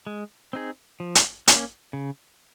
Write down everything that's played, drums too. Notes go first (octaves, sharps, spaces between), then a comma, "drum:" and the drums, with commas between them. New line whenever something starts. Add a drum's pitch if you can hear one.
G#3
C4 D#4 G#4
F3
drum: hi-hat
A#3 C#4, drum: hi-hat
C#3